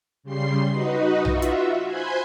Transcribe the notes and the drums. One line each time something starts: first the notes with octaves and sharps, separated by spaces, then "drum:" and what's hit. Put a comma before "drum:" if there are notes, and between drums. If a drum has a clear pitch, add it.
C#3 G3 C6 C7
D#4 F#4 B4 D#5
F4 F#4 E5, drum: tom B1
drum: hi-hat
C5 G#5 B5 C6 F#6 G#6